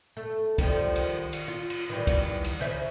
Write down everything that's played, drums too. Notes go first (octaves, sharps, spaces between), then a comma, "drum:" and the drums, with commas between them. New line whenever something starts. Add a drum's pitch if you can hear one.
A3
D#3 F3 G3, drum: kick, cymbal
drum: cymbal
drum: cymbal
F4
drum: cymbal
D#3 E3 G3
drum: kick, cymbal
drum: cymbal
C#3 C5 E5